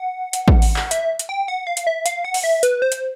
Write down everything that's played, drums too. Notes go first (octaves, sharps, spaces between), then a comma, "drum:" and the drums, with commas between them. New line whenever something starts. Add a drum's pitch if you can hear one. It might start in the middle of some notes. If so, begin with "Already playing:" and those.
Already playing: F#5
drum: hi-hat
drum: kick
drum: open hi-hat
drum: clap
E5, drum: hi-hat
drum: hi-hat
G5
F#5
F5
drum: hi-hat
E5
F5, drum: hi-hat
F#5
drum: open hi-hat
E5
B4, drum: hi-hat
C5
drum: hi-hat